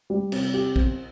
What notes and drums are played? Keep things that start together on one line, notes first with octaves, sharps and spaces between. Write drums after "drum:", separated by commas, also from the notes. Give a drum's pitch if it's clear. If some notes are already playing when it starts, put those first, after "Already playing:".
G3
C3, drum: cymbal
G4
C4, drum: kick